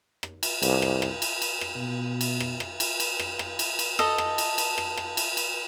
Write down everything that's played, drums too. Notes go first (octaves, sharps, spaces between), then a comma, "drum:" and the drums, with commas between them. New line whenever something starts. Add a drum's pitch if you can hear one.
drum: rim click
drum: cymbal
C2, drum: cymbal
drum: rim click
drum: rim click
drum: cymbal
drum: cymbal
drum: rim click
B2
drum: cymbal
drum: rim click
drum: rim click
drum: cymbal
drum: cymbal
drum: rim click
drum: rim click
drum: cymbal
drum: cymbal
A4 D#5, drum: rim click
drum: rim click
drum: cymbal
drum: cymbal
drum: rim click
drum: rim click
drum: cymbal
drum: cymbal